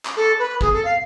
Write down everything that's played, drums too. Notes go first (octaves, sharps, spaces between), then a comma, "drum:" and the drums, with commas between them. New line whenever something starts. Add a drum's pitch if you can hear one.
drum: clap
A4
B4
G#4, drum: kick
A4
F5